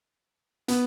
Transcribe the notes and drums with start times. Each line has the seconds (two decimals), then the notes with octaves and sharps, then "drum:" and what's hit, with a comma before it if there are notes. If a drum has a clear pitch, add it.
0.68 B3, drum: hi-hat